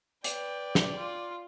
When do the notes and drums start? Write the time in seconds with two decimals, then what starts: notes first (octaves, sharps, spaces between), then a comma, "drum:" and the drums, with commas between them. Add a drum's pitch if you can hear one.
0.24 B4 D5 G5, drum: hi-hat
0.75 drum: snare
0.98 F4